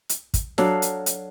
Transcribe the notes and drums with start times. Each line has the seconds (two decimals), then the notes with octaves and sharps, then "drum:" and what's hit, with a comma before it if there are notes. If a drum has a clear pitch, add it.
0.09 drum: hi-hat
0.34 drum: kick, hi-hat
0.58 F#3 D4 A4 F5, drum: snare
0.82 drum: hi-hat
1.06 drum: hi-hat